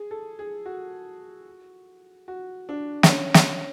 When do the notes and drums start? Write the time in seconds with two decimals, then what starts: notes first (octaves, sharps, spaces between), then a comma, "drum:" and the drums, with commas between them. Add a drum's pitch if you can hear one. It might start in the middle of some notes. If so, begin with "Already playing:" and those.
Already playing: G#4
0.11 A4
0.39 G#4
0.66 F#4
2.28 F#4
2.69 D4
3.03 D4, drum: snare
3.09 C#4
3.34 drum: snare